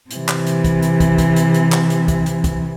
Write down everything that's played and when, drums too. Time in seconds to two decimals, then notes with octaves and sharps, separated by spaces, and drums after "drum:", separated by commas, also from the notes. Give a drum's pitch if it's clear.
0.11 C3 E3, drum: hi-hat
0.29 drum: clap
0.46 drum: hi-hat
0.64 drum: kick, hi-hat
0.82 drum: hi-hat
1.00 drum: kick, hi-hat
1.18 drum: kick, hi-hat
1.36 drum: hi-hat
1.54 drum: hi-hat
1.72 drum: clap
1.90 drum: hi-hat
2.08 drum: kick, hi-hat
2.26 drum: hi-hat
2.44 drum: kick, hi-hat